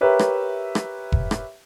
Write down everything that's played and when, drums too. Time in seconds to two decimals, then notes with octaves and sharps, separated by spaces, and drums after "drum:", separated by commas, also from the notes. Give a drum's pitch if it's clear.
0.01 G4 A#4 B4 C#5 E5
0.19 drum: rim click
0.75 drum: rim click
1.12 drum: kick F1
1.31 drum: rim click